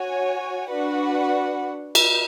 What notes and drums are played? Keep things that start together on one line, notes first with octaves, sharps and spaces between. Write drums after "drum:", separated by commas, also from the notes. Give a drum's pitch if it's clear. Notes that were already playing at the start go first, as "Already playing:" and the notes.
Already playing: F#4 C#5 G#5
D4 F#4 B4 F#5
drum: cymbal